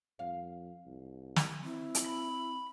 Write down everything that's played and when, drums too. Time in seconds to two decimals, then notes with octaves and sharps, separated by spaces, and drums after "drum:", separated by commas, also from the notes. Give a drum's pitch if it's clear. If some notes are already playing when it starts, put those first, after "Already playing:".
0.19 F2 F5
0.86 C2
1.36 drum: snare
1.65 C4 E4
1.95 drum: hi-hat
2.05 B5